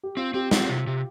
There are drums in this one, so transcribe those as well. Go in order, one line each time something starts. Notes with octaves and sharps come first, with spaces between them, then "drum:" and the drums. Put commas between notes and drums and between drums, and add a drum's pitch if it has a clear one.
G4
C4 F4
C4 G4
C4 F4, drum: snare
C3
C3